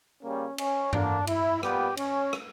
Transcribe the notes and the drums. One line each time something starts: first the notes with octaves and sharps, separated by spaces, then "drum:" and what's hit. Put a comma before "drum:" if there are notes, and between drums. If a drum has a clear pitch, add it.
C#3 G3 A#3 C#4
C#4, drum: cymbal
D3 A#3 D4, drum: tom G2
E4, drum: cymbal
A#2 G3 B3 G4, drum: rim click
C#4, drum: cymbal
drum: rim click